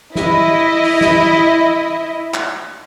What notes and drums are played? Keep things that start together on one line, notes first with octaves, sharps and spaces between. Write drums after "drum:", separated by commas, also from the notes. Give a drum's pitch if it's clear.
E4 D#5, drum: snare
drum: open hi-hat
drum: snare
drum: clap